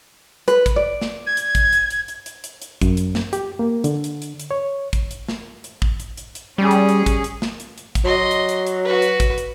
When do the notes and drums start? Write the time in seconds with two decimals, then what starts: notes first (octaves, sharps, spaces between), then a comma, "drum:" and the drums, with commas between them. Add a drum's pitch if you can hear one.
0.48 B4, drum: hi-hat
0.66 drum: kick, hi-hat
0.76 D5
1.01 drum: snare
1.26 G#6
1.37 drum: hi-hat
1.55 drum: kick, hi-hat
1.73 drum: hi-hat
1.90 drum: hi-hat
2.08 drum: hi-hat
2.26 drum: hi-hat
2.44 drum: hi-hat
2.62 drum: hi-hat
2.81 F#2, drum: kick, hi-hat
2.97 drum: hi-hat
3.15 drum: snare
3.33 G4, drum: hi-hat
3.59 A#3
3.84 D3, drum: hi-hat
4.04 drum: hi-hat
4.22 drum: hi-hat
4.40 drum: hi-hat
4.51 C#5
4.93 drum: kick, hi-hat
5.11 drum: hi-hat
5.28 drum: snare
5.64 drum: hi-hat
5.82 drum: kick
6.00 drum: hi-hat
6.17 drum: hi-hat
6.35 drum: hi-hat
6.58 G3 C#4 G#4
6.71 drum: hi-hat
6.89 drum: hi-hat
7.06 drum: kick, hi-hat
7.24 drum: hi-hat
7.42 drum: snare
7.60 drum: hi-hat
7.78 drum: hi-hat
7.95 drum: kick, hi-hat
8.05 F#3 D#5 C6
8.31 drum: hi-hat
8.49 drum: hi-hat
8.67 drum: hi-hat
8.85 F#4 B4
9.02 drum: hi-hat
9.20 drum: kick, hi-hat
9.38 drum: hi-hat